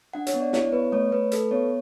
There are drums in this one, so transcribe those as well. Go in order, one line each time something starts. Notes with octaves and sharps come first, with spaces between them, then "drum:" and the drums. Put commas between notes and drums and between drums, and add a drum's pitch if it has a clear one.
D4 F#5
C#5, drum: hi-hat
B3
D5
E4 C#5, drum: snare
B3 B4
A3 C#5
A3 B4
A4 B4, drum: hi-hat
B3 C#5